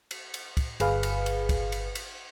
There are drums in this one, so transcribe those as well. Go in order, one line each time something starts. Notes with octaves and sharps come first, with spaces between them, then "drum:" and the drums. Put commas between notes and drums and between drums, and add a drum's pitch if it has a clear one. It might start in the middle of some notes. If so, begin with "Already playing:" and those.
drum: cymbal
drum: cymbal
drum: kick, cymbal
G1 G#4 B4 F5, drum: cymbal
drum: cymbal
drum: cymbal
drum: kick, cymbal
drum: cymbal
drum: cymbal